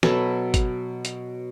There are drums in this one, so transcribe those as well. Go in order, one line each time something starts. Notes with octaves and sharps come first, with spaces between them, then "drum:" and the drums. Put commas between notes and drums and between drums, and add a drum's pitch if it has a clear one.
B2 F#3 A4 B4, drum: snare
drum: kick, hi-hat
drum: hi-hat